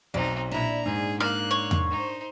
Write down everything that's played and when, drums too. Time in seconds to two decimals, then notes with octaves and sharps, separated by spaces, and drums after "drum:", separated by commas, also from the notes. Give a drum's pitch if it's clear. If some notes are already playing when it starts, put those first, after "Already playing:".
0.14 B1 C4 D#4 D5
0.51 A#2 D4 E4 A#5
0.85 G#2 G#4
1.20 A#3 F5 F#6, drum: rim click
1.51 C#5
1.71 drum: tom E2
1.91 D#4 C5